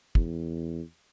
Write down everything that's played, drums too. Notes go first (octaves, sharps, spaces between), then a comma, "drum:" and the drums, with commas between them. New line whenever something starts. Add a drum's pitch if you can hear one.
E2, drum: kick